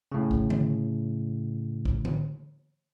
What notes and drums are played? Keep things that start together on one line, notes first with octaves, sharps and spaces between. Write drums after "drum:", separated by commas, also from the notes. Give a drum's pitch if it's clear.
A2 C#3
drum: kick
drum: tom D3
drum: kick
drum: tom D3